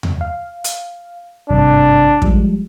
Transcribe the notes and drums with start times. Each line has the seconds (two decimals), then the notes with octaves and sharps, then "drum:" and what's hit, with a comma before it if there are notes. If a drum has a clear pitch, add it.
0.03 drum: tom E2
0.21 F5
0.64 drum: hi-hat
1.50 G#1 G2 C3 D4
2.22 F3 G3 G#3, drum: kick